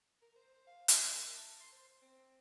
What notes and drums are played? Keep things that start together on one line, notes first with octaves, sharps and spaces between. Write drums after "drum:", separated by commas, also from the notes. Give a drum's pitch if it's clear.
A#4
C5
F5
D4, drum: hi-hat
A#4
A5
C6
C5
C4